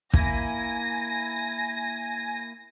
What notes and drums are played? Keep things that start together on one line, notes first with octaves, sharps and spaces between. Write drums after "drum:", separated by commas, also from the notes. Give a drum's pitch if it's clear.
A#3 E4 G#5 A#6, drum: kick